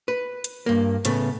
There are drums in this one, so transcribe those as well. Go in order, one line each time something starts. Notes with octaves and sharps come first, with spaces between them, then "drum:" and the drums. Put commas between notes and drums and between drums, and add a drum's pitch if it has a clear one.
B4
drum: hi-hat
G2 A#3
A2 C#3 A3 B3, drum: hi-hat